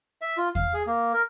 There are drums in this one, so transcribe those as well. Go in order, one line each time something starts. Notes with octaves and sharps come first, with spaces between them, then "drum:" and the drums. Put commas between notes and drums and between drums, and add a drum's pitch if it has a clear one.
E5
F4
F5, drum: kick E2
G#4
A#3
A#4